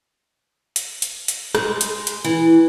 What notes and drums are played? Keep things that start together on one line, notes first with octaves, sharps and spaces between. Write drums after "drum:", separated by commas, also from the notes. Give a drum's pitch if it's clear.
drum: hi-hat
drum: hi-hat
drum: hi-hat
G#3, drum: rim click
drum: hi-hat
drum: hi-hat
E3